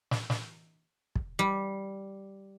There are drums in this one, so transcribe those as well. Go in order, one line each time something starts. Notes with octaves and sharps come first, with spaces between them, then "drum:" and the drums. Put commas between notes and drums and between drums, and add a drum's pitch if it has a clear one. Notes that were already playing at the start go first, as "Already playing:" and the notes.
drum: snare
drum: snare
drum: kick
G3